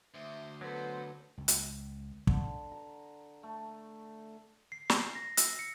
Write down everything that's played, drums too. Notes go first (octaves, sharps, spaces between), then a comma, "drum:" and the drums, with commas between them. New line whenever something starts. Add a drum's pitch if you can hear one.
D2 C5 E5
F#3 B3 A4 B4 C5
C#2
drum: hi-hat
D3, drum: kick
A#5
A3
C7
drum: snare
A#6
E6, drum: hi-hat
C#7